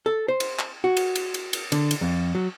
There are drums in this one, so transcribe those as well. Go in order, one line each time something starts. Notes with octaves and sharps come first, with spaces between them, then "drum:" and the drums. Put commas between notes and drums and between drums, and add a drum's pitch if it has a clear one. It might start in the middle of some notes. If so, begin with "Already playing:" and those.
A4
C5
drum: cymbal
drum: clap
F#4
drum: cymbal
drum: cymbal
drum: cymbal
drum: cymbal
D3, drum: cymbal
drum: cymbal
F2
F#3